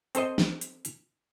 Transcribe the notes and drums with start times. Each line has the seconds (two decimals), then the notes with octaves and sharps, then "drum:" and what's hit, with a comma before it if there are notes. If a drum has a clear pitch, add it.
0.15 C4 A4 C5 D#5, drum: hi-hat
0.38 drum: snare
0.61 drum: hi-hat
0.85 drum: hi-hat